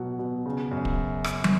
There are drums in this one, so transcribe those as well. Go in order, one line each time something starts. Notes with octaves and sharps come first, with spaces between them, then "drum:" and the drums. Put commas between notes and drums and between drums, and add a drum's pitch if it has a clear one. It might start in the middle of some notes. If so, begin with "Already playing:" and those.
Already playing: B2 F#3 F#5
B2
C#3
F#2
drum: kick
drum: rim click
drum: tom